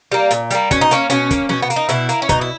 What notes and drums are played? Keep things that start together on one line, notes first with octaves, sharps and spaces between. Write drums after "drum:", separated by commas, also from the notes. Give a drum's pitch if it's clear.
G3 A#3
A#2, drum: hi-hat
G3 A#3, drum: hi-hat
B2 C#4, drum: kick, hi-hat
D#4
A#3 C#4, drum: hi-hat
B2 C#4, drum: hi-hat
A#3, drum: kick, hi-hat
B2 C#4, drum: snare
B3
A#3, drum: hi-hat
D#4
B2 E4, drum: hi-hat
A#3, drum: hi-hat
C#4
B2 D#4, drum: kick, hi-hat
E4